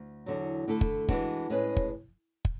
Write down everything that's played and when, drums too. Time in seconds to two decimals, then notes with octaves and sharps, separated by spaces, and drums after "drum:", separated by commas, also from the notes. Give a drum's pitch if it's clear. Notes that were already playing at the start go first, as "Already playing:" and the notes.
Already playing: D2
0.26 E2 D3 F#3
0.68 D3 A3 E4 A4
0.81 drum: kick
1.09 E3 G#3 D4 F#4 B4, drum: kick
1.50 A2 G#3 C#4 G#4 B4
1.77 drum: kick
2.45 drum: kick